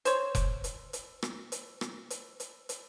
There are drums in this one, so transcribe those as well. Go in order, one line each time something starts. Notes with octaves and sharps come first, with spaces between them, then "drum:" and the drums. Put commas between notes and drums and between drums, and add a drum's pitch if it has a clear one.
C5 C#5, drum: hi-hat
drum: kick F1, hi-hat
drum: hi-hat
drum: hi-hat
drum: rim click
drum: hi-hat
drum: rim click
drum: hi-hat
drum: hi-hat
drum: hi-hat